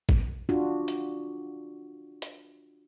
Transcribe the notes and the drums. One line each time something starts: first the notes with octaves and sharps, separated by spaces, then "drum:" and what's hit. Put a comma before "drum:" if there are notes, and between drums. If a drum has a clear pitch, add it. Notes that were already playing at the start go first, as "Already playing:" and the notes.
drum: kick
D4 F4 F#4
drum: hi-hat
drum: hi-hat